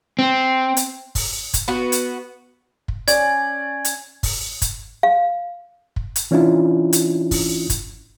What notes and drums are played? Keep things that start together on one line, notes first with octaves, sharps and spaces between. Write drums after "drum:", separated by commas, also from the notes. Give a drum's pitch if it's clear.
C4
drum: hi-hat
drum: kick, open hi-hat
drum: kick, hi-hat
B3 F#4
drum: hi-hat
drum: kick
C#4 D5 G#6, drum: hi-hat
drum: hi-hat
drum: kick, open hi-hat
drum: kick, hi-hat
F5
drum: kick
drum: hi-hat
E3 C#4 D4 E4 F4
drum: hi-hat
drum: kick, open hi-hat
drum: kick, hi-hat